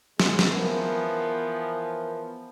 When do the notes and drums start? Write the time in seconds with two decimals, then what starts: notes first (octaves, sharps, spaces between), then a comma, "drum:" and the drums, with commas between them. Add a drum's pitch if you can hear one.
0.20 G#3, drum: snare
0.39 drum: snare
0.52 E3 F3 B3 A#4